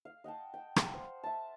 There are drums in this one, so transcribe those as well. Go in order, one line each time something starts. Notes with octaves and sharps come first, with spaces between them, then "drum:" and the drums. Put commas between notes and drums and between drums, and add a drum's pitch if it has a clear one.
F5
D#5 F#5 G5 A5
G5
F5 F#5, drum: rim click
C5
E5 A5